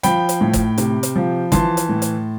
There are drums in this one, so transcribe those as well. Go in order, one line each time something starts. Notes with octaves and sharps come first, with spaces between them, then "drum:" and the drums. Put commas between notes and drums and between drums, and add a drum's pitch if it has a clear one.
F3 G5 B5, drum: hi-hat
drum: hi-hat
A2
drum: kick G1, hi-hat
C3, drum: hi-hat
drum: hi-hat
F3
E3 A5 C6, drum: kick G1, hi-hat
drum: hi-hat
A2
drum: hi-hat